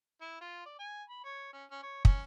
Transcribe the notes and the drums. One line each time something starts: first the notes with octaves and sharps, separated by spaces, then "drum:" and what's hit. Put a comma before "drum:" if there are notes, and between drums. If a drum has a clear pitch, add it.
E4
F4
D5
G#5
B5
C#5
C#4
C#4
C#5
C#4, drum: kick